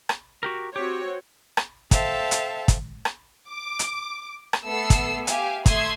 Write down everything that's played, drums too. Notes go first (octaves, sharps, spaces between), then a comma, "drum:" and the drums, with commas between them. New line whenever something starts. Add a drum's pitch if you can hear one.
drum: rim click
F#4 G4 A#4
C4 F#4 G4 C#5
drum: rim click
A4 C5 E5 F5 G5 A5, drum: kick, hi-hat
drum: hi-hat
drum: kick, hi-hat
drum: rim click
D6
drum: hi-hat
drum: rim click
A3 B3 A4 E6 C7
drum: kick, hi-hat
G4 E5 F5 G#5, drum: hi-hat
A3 E5 C6 D#6 G#6, drum: kick, hi-hat